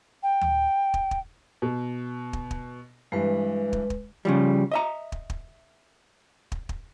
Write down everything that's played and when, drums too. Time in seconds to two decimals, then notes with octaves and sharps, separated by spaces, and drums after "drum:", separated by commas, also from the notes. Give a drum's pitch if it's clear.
0.23 G5
0.41 drum: tom D2
0.94 drum: kick
1.11 drum: kick
1.62 B2
2.33 drum: kick
2.51 drum: kick
3.12 G2 E3 G#3 B4
3.73 drum: kick
3.90 drum: kick
4.25 C#3 F3 G3
4.72 D#5 E5 A#5
5.12 drum: kick
5.30 drum: kick
6.52 drum: kick
6.69 drum: kick